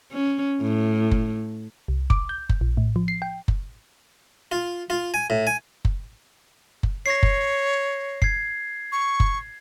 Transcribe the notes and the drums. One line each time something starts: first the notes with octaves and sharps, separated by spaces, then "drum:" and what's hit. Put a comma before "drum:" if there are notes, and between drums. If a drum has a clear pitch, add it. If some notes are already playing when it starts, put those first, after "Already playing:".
C#4
A2
drum: kick F#1
C2
D6, drum: kick F#1
G6
drum: kick F#1
A#1
A2
F3
C7
G5
drum: kick F#1
F4
F4
G#5
A2
G#5
drum: kick F#1
drum: kick F#1
C#5 A#6 C7
drum: kick F#1
G#6 C7, drum: kick F#1
C#6
drum: kick F#1